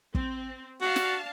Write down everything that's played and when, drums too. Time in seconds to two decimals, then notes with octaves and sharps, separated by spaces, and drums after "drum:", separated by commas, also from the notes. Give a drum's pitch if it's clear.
0.15 C4, drum: kick
0.81 D4 F#4 F5 A5
0.96 drum: snare